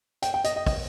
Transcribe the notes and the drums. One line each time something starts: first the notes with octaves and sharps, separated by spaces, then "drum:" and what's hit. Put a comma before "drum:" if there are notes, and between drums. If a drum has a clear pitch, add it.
G5, drum: hi-hat
G5
D#5, drum: hi-hat
D#5
D#5, drum: kick, open hi-hat